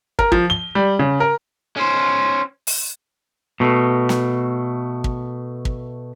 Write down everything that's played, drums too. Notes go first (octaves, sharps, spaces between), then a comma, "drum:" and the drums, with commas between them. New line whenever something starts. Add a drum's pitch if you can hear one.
A#4, drum: kick
F3, drum: kick
G7
G3
C#3
A#4
C#4 C5
drum: open hi-hat
B2 A3
drum: snare
drum: kick
drum: kick